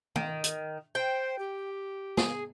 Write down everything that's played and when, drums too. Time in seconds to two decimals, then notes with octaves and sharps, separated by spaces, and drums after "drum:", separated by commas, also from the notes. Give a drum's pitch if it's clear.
0.16 D#3, drum: tom D#3
0.44 drum: hi-hat
0.95 C5 G5
1.39 G4
2.17 G#4, drum: snare